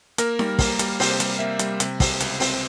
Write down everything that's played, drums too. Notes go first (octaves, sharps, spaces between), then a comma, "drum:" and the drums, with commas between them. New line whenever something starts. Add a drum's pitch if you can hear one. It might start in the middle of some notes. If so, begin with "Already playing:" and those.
A#3 A#4, drum: hi-hat
G3, drum: snare D#4
A#3, drum: kick, open hi-hat
G3, drum: hi-hat
C3 C5, drum: open hi-hat
G3, drum: hi-hat
A#3 E5
G3, drum: hi-hat
C3, drum: hi-hat
C3, drum: kick, open hi-hat
C#2, drum: hi-hat
C4, drum: open hi-hat